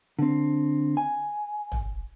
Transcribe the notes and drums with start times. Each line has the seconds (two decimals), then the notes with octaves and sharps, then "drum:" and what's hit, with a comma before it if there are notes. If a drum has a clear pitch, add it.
0.19 D3 C4
0.97 G#5
1.72 drum: tom